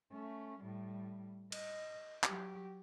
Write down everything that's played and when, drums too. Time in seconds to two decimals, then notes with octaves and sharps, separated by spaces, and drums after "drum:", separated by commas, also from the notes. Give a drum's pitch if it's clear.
0.12 A3 C#4
0.61 A2 G3
1.52 D#5, drum: cymbal
2.24 F#3 G4, drum: clap